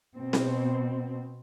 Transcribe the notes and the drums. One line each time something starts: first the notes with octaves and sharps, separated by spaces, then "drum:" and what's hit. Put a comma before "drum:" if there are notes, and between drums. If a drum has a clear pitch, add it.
B2 C4
drum: snare C4